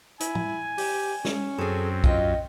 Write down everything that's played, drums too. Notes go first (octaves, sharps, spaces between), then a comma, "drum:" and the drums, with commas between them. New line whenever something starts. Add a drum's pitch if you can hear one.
E4 G#5, drum: hi-hat
drum: tom
G4, drum: open hi-hat
C#4, drum: snare
F#2 C4 G#4 A4
F4 D#5 G5, drum: kick B1